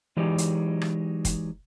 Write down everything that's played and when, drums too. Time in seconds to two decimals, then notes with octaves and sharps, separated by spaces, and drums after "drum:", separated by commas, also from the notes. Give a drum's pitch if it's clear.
0.17 E3 F#3 G#3 D#4 G4 D5
0.38 drum: hi-hat
0.81 drum: rim click
1.25 drum: kick, hi-hat